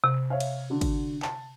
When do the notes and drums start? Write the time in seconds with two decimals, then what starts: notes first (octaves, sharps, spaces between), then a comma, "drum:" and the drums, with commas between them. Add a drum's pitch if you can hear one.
0.04 C3
0.30 C#5 E5 F5
0.40 drum: cymbal
0.70 D3 F#4
0.81 drum: kick, cymbal
1.22 A5, drum: clap